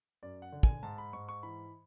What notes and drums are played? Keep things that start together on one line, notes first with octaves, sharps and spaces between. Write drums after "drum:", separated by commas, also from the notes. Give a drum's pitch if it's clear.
F#2 D5
F#5
D3
G#5, drum: kick
G#2 A5
B5
G#2 C#6
C#6
E3 B5